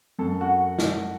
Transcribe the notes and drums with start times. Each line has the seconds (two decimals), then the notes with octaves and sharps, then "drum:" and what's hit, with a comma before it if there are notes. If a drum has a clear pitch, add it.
0.19 F#2 A4
0.41 F#4
0.79 drum: snare